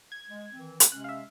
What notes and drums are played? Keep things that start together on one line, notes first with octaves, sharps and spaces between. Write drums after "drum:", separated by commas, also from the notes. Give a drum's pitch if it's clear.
G#6
G#3
D#3 E3 C4
drum: hi-hat
C3 G#3 C#4 F#6
E5 F5